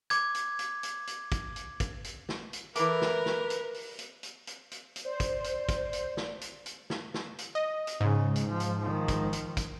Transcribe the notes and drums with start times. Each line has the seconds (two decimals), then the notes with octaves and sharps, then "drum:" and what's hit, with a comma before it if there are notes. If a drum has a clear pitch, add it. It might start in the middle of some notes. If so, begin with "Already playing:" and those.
0.10 D6 G#6, drum: hi-hat
0.35 drum: hi-hat
0.59 drum: hi-hat
0.83 drum: hi-hat
1.07 drum: hi-hat
1.32 drum: kick, hi-hat
1.56 drum: hi-hat
1.80 drum: kick, hi-hat
2.04 drum: hi-hat
2.29 drum: snare
2.53 drum: hi-hat
2.76 E3 A3 A#4 B4 D6, drum: hi-hat
3.02 drum: snare
3.26 drum: snare
3.50 drum: hi-hat
3.74 drum: open hi-hat
3.99 drum: hi-hat
4.23 drum: hi-hat
4.47 drum: hi-hat
4.71 drum: hi-hat
4.96 drum: hi-hat
5.05 C5 D5
5.20 drum: kick, hi-hat
5.44 drum: hi-hat
5.69 drum: kick, hi-hat
5.93 drum: hi-hat
6.17 drum: snare
6.41 drum: hi-hat
6.66 drum: hi-hat
6.90 drum: snare
7.14 drum: snare
7.38 drum: hi-hat
7.55 D#5
7.87 drum: hi-hat
8.01 G#2 C#3
8.36 drum: hi-hat
8.48 F3
8.60 drum: hi-hat
8.80 D#3 F3
9.08 drum: kick, hi-hat
9.33 drum: hi-hat
9.57 drum: kick, hi-hat